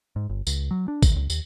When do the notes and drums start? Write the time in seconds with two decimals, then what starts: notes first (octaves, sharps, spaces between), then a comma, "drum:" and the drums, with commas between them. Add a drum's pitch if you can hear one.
0.16 G#2
0.29 G1
0.47 C#2, drum: tambourine
0.71 F#3
0.88 D4
1.03 D2, drum: kick, tambourine
1.16 C#2
1.30 D#2, drum: tambourine